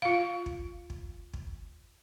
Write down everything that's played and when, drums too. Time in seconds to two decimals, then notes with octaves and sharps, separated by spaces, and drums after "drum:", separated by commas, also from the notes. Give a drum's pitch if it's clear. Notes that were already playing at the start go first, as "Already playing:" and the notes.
0.02 F4 F5
0.46 drum: kick
0.90 drum: kick
1.33 drum: kick